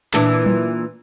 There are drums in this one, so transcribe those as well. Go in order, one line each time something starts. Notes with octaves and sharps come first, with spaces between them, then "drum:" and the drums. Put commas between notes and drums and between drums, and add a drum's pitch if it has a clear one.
A#2 E3 D4, drum: clap
drum: tom F#3